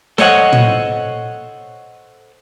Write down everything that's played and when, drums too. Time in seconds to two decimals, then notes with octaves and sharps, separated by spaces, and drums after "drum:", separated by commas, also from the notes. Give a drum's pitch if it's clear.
0.18 A4 C5 C#5 D#5 F#5, drum: snare
0.52 drum: tom